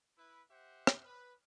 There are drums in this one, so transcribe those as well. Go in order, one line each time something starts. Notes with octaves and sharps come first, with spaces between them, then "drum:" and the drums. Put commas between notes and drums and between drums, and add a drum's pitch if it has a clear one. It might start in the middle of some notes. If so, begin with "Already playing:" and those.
E4 B4
G4 C5 E5 F#5
drum: rim click
B4